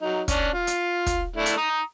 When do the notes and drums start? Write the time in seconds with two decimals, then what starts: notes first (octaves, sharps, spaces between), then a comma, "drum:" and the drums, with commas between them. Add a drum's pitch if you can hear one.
0.02 F#3 D#4
0.28 C#4 D4, drum: kick, hi-hat
0.53 F4
0.67 drum: hi-hat
1.06 drum: kick, hi-hat
1.36 A3 D4 E4
1.46 drum: hi-hat
1.57 A#5 D#6